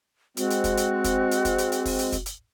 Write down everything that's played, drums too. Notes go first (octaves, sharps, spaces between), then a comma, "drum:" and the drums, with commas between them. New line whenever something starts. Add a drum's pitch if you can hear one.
G#3 C4 F#4, drum: hi-hat
drum: hi-hat
drum: kick, hi-hat
drum: hi-hat
drum: kick, hi-hat
drum: hi-hat
drum: kick, hi-hat
drum: hi-hat
drum: hi-hat
drum: kick, open hi-hat
drum: hi-hat
drum: kick, hi-hat
drum: hi-hat